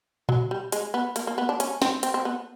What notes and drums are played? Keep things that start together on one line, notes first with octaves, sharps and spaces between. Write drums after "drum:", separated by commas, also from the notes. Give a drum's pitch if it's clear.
F#3, drum: tom A#2
G3
G#3, drum: hi-hat
B3
A#3, drum: hi-hat
A#3
B3
D4
C#4, drum: hi-hat
C4, drum: snare
C4, drum: hi-hat
C4
B3